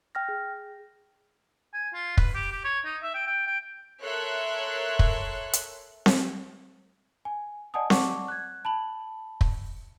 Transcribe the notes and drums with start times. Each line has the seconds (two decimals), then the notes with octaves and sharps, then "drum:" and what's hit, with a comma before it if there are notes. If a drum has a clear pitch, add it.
0.15 G5 F6 A#6
0.29 G#4
1.74 G#5
1.94 F4
2.17 B4, drum: kick
2.35 G4
2.52 G4
2.65 C#5
2.85 D#4
3.03 E5
3.14 G5
3.27 G5
3.47 G5
4.03 A4 A#4 C#5 E5 C6 F#6
4.99 drum: kick
5.53 drum: hi-hat
6.06 drum: snare C4
7.25 G#5
7.74 D5 D#5 F#5 G#5 A5 D#6
7.90 D5 F#5 A5 C#6 D6, drum: snare C4
8.28 F#6 G#6
8.65 A5 B5 F#7
9.41 drum: kick